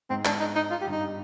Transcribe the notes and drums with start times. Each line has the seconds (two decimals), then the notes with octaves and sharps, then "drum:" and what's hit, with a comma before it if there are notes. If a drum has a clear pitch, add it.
0.10 G#2 C4
0.25 G#2 D4, drum: clap
0.40 D#4
0.56 D#4
0.71 F4
0.81 G4
0.87 G2
0.92 D#4